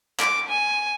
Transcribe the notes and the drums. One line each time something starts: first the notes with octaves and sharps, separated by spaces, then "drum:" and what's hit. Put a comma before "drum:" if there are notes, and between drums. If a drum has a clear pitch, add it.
D6, drum: clap
G#5